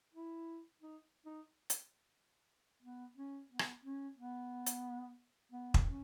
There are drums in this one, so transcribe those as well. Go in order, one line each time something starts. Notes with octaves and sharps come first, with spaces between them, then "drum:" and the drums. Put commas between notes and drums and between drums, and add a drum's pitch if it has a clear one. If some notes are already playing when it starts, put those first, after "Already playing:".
E4
D#4
D#4
drum: hi-hat
B3
C#4
B3
drum: rim click
C#4
B3
drum: hi-hat
B3
drum: kick
C#4